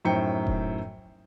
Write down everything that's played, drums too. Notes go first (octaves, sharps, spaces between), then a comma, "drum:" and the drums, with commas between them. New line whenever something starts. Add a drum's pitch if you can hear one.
F#2 A2 D#4 C5 G5 C#7
drum: kick E1